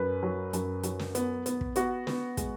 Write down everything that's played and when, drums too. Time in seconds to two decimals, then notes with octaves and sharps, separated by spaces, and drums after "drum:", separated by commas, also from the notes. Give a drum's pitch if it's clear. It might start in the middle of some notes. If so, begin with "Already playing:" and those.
Already playing: F#2 B4
0.23 F#3
0.53 F#2, drum: hi-hat
0.83 F#3, drum: hi-hat
0.99 drum: snare
1.15 B3, drum: hi-hat
1.46 B3, drum: hi-hat
1.61 drum: kick
1.76 B3 F#4, drum: hi-hat
2.07 B3, drum: snare
2.37 G#3, drum: kick, hi-hat